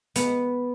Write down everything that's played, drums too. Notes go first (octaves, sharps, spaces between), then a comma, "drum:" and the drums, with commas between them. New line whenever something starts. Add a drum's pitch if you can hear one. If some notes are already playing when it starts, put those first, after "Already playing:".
B3, drum: hi-hat